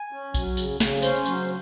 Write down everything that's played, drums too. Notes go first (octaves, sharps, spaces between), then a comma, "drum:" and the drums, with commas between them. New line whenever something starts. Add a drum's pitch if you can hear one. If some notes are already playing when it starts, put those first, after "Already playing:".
Already playing: G#5
C#4
F#3, drum: kick A#1, tambourine
C#3, drum: tambourine
C#3, drum: snare
C#4 C5, drum: tambourine
F#3, drum: tambourine